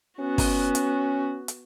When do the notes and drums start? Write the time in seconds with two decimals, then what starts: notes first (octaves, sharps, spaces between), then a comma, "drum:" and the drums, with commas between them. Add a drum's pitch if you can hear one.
0.20 B3 C#4 F#4
0.38 drum: kick, open hi-hat
0.75 drum: hi-hat
1.48 drum: hi-hat